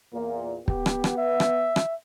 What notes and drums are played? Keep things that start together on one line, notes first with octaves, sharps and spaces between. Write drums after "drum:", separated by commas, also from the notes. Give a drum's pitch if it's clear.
E2 A#2 A#3
B3 G4, drum: kick
drum: rim click
drum: rim click
E5
drum: rim click
drum: rim click